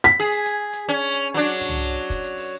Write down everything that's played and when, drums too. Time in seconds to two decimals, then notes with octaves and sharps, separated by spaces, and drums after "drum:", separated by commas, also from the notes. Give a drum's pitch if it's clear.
0.04 B6, drum: hi-hat
0.20 G#4, drum: open hi-hat
0.32 drum: hi-hat
0.45 drum: hi-hat
0.73 drum: hi-hat
0.89 C#4, drum: hi-hat
1.14 drum: hi-hat
1.34 F#3 D4
1.55 drum: open hi-hat
1.69 drum: tom
1.83 drum: hi-hat
2.10 drum: kick, hi-hat
2.24 drum: hi-hat
2.37 drum: open hi-hat